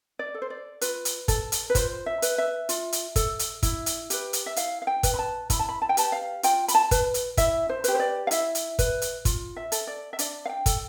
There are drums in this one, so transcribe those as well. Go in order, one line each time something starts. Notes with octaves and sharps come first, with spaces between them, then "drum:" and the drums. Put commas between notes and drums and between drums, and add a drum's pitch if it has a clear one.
D5
A4
C5
D5
F4 B4, drum: hi-hat
drum: hi-hat
A4, drum: kick, hi-hat
drum: hi-hat
B4
F4 C5, drum: kick, hi-hat
E5
B4, drum: hi-hat
E5
F4, drum: hi-hat
drum: hi-hat
A4, drum: kick, hi-hat
drum: hi-hat
E4, drum: kick, hi-hat
drum: hi-hat
G4 B4, drum: hi-hat
drum: hi-hat
E5
E4 F5, drum: hi-hat
F5
G5
B4, drum: kick, hi-hat
B5
A5
E4 B5, drum: kick, hi-hat
A5
B5
A5
G5
G4 B4 A5, drum: hi-hat
F5
F4 G5, drum: hi-hat
B5, drum: hi-hat
A5
B4, drum: kick, hi-hat
drum: hi-hat
E4 E5, drum: kick, hi-hat
C5
G4 B4, drum: hi-hat
C5
D5
F5
E4 E5, drum: hi-hat
drum: hi-hat
B4, drum: kick, hi-hat
drum: hi-hat
F4, drum: kick, hi-hat
E5
A4, drum: hi-hat
D5
E5
D4 D5, drum: hi-hat
F5
G5
A4, drum: kick, hi-hat